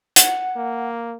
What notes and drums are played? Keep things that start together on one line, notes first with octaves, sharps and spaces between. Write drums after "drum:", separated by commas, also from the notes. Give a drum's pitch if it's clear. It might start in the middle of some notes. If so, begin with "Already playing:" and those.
F#5, drum: hi-hat
A#3